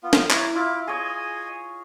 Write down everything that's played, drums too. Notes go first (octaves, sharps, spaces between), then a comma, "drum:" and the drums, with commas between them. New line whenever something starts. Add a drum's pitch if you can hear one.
B3 F4
drum: snare
E4 C#5 A#5 D6, drum: clap
E4 F4 D6
G#4 C#5 D#5 G#5